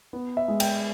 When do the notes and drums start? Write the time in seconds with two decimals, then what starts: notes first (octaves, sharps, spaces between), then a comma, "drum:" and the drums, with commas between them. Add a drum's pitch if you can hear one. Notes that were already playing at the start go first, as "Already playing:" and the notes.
0.13 B3
0.37 E5
0.48 G#3
0.60 G5, drum: cymbal